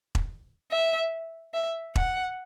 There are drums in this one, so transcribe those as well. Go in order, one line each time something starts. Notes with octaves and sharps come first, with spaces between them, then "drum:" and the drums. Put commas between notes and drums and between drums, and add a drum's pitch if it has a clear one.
drum: kick E1
E5
E5
F#5, drum: kick E1